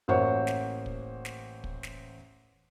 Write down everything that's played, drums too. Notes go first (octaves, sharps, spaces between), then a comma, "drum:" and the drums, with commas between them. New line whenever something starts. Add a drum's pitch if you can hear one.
A1 A#3 C5 C#5 F#5 C#6
drum: snare
drum: kick
drum: snare
drum: kick
drum: snare